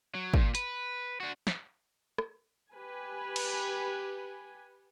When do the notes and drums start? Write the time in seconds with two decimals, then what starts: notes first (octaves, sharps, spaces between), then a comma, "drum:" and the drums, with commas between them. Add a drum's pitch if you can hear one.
0.15 F#3
0.34 A#2, drum: kick
0.55 B4, drum: hi-hat
1.20 D4 F#4
1.47 drum: snare
2.18 drum: rim click
2.73 G4 B4 G#5
3.36 drum: cymbal